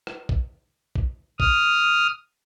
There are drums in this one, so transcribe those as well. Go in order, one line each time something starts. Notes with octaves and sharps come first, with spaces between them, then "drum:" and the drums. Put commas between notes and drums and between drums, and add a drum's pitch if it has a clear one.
drum: rim click
drum: kick A1
drum: kick A1
D#6 F6, drum: kick A1